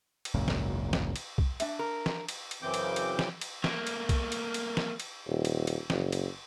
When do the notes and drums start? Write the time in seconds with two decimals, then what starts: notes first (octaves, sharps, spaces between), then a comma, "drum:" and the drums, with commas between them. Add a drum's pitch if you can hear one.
0.25 drum: cymbal
0.34 G#1 C#2 F#2 A#2
0.48 drum: snare
0.93 drum: snare
1.16 drum: cymbal
1.38 drum: kick
1.60 D4 E5, drum: cymbal
1.79 A#4
2.06 drum: snare
2.29 drum: cymbal
2.51 drum: cymbal
2.62 F#2 C#3 E3 C4 D6 G6
2.74 drum: cymbal
2.96 drum: cymbal
3.19 drum: snare
3.41 drum: cymbal
3.64 A3 A#3, drum: snare
3.87 drum: cymbal
4.09 drum: kick, cymbal
4.32 drum: cymbal
4.54 drum: cymbal
4.77 drum: snare
5.00 drum: cymbal
5.26 D#1
5.45 drum: cymbal
5.67 drum: cymbal
5.90 F#1, drum: snare
6.12 drum: cymbal